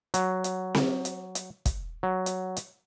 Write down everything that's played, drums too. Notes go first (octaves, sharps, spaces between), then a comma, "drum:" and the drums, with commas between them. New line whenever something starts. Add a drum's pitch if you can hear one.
F#3, drum: hi-hat
drum: hi-hat
drum: snare C4
drum: hi-hat
drum: hi-hat
drum: kick, hi-hat
F#3
drum: hi-hat
drum: hi-hat